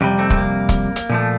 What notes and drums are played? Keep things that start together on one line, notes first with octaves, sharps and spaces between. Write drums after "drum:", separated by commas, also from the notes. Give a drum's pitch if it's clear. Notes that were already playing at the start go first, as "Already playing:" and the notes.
F2 C3 G3
A3 C4
A3, drum: kick
A#3
drum: kick, hi-hat
drum: hi-hat
A#2 F3 A3